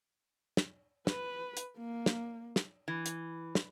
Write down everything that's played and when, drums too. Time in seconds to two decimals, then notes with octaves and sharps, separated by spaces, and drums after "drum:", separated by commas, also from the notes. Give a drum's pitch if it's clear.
0.57 drum: snare
1.07 B4, drum: snare
1.57 drum: hi-hat
1.77 A#3
2.06 drum: snare
2.56 drum: snare
2.88 E3
3.06 drum: hi-hat
3.55 drum: snare